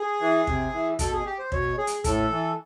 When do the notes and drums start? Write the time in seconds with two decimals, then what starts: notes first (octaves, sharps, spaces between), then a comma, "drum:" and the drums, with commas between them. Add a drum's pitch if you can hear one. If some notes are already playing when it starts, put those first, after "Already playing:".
Already playing: G#4
0.21 E3
0.47 C3, drum: kick
0.73 E3
0.99 B2 A4, drum: kick, hi-hat
1.13 G#4
1.26 G4
1.39 C5
1.52 B2 C#5, drum: kick
1.78 G#4
1.87 drum: hi-hat
2.04 A2 A4, drum: kick, hi-hat
2.31 E3